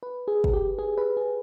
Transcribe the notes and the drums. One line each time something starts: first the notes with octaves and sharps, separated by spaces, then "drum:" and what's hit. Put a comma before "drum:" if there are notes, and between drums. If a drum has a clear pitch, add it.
B4
G#4
drum: kick
G4
G#4
B4
G#4